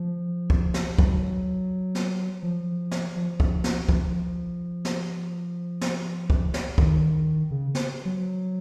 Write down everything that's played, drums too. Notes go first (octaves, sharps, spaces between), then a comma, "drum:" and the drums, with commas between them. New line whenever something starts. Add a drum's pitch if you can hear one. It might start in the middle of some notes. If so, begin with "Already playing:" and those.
Already playing: F3
drum: kick
drum: snare
F#3, drum: kick
drum: snare
F3
drum: snare
F3
drum: kick
drum: snare
F3, drum: kick
drum: snare
drum: snare
drum: kick
drum: snare
D#3, drum: kick
C#3
drum: snare
F#3